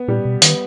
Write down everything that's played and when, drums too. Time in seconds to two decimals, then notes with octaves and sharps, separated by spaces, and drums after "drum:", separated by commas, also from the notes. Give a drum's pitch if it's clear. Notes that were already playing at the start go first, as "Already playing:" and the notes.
Already playing: B3
0.08 A#2 G3
0.25 B2
0.42 D#3 B3, drum: hi-hat